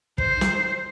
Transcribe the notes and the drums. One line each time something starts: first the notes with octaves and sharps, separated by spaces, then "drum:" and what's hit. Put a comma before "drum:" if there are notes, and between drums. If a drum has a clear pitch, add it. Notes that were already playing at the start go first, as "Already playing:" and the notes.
C5, drum: kick
drum: snare